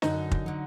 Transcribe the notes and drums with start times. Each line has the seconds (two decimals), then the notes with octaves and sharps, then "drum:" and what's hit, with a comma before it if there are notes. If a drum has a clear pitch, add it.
0.02 F#2 D3 F#3 D#4, drum: snare
0.31 drum: kick
0.46 D3 F#3